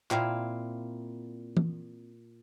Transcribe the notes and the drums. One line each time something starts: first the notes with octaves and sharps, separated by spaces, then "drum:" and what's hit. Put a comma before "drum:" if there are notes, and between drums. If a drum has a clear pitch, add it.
A#2 C4 E4 F5, drum: clap
drum: tom E3